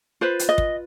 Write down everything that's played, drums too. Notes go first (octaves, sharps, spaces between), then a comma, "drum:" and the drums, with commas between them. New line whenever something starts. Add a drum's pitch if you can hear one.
F4 B4 C5
drum: hi-hat
D#5
drum: kick